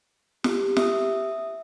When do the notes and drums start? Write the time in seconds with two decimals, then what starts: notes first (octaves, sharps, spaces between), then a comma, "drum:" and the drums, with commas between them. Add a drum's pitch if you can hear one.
0.44 G4, drum: snare
0.77 E5 D#6, drum: snare